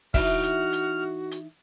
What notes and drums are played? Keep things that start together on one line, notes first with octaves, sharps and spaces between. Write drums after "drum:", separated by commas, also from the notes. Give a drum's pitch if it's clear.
E3 D#4 F#4 E5 F6, drum: kick, open hi-hat
drum: hi-hat
drum: hi-hat
drum: hi-hat